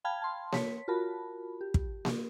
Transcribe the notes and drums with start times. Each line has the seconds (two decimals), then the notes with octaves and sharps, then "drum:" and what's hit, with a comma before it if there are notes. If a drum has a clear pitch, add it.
0.05 F5 G5 A5 B5 F6 G#6
0.22 A5 C6
0.52 C#5 B6, drum: snare A#3
0.88 F4 F#4 A#4 A5 B5
1.61 G4
1.74 drum: kick
2.05 drum: snare A#3